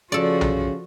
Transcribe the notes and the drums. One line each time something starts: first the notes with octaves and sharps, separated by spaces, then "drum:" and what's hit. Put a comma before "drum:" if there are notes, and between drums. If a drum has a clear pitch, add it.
C#3 F3 F#4 A4 D5
drum: tom B1